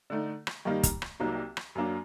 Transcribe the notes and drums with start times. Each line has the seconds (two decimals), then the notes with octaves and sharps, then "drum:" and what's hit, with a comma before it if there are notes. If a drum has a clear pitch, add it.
0.10 D3 A3 D#4
0.47 drum: rim click
0.65 G2 D#3 G3 A#3 D#4
0.83 drum: kick, hi-hat
1.02 drum: rim click
1.20 C2 C3 F#3 A#3 D#4
1.57 drum: rim click
1.75 F#2 F#3 A#3 D4